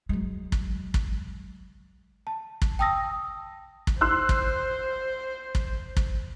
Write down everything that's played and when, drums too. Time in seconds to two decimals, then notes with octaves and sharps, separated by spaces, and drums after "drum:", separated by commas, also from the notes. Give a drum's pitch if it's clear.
0.09 F#3 G#3
0.52 drum: kick
0.94 drum: kick
2.27 A5
2.62 drum: kick
2.79 G5 A5 D#6 E6 A#6
3.87 drum: kick
4.01 C5 C6 E6 F#6
4.29 drum: kick
5.55 drum: kick
5.97 drum: kick